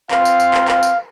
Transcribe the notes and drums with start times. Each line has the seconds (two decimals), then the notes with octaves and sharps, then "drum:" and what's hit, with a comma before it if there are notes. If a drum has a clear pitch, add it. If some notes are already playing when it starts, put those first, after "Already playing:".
0.11 C4 F4 F5, drum: clap
0.25 drum: tambourine
0.40 drum: tambourine
0.54 drum: clap
0.68 F5, drum: clap
0.83 drum: tambourine